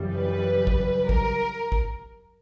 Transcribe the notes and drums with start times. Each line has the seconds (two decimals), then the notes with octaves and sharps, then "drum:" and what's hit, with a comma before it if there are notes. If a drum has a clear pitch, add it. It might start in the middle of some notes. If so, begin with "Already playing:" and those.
Already playing: F#2 C#3 E3 G3
0.14 B4
0.67 drum: kick
1.09 A#4, drum: kick
1.72 drum: kick